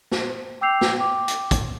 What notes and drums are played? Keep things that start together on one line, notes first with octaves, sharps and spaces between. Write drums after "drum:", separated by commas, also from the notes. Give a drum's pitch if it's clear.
C5, drum: snare
G5 D6 E6 G6 C7 F7
drum: snare
G5 D6
drum: hi-hat
drum: kick, hi-hat